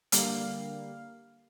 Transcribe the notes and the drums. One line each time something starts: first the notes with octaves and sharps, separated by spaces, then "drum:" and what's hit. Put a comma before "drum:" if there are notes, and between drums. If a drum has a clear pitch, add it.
D3 G3 A#3 F5, drum: hi-hat